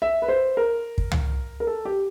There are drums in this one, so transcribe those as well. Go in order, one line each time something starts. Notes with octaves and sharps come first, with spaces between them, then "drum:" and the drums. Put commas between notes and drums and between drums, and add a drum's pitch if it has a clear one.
E5
B4
C5
A#4
drum: kick
drum: tom
A#4
A4
G4